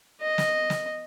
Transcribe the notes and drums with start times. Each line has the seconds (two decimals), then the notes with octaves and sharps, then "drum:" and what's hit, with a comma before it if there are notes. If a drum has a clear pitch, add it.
0.22 D#5
0.38 drum: snare
0.70 drum: snare